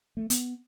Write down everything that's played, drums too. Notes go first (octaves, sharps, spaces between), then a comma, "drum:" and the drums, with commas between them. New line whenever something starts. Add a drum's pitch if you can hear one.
A3
B3, drum: hi-hat